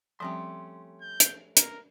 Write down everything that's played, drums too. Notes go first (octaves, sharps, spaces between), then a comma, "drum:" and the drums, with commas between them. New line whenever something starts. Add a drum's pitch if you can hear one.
F3 G3 A3 C4 C#4 G4 C6
G6
drum: hi-hat
A#4, drum: hi-hat